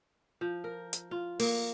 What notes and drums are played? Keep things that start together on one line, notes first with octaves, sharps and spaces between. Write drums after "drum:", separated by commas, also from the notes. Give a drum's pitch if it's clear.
F3
A#4
drum: hi-hat
F4
A#3, drum: open hi-hat